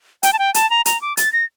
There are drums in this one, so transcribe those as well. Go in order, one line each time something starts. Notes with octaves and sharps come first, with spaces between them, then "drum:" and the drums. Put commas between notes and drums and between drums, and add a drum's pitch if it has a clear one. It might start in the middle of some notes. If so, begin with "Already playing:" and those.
G5, drum: hi-hat
A5
G5
A5, drum: hi-hat
A#5
A#5, drum: hi-hat
D6
A6, drum: hi-hat
A#6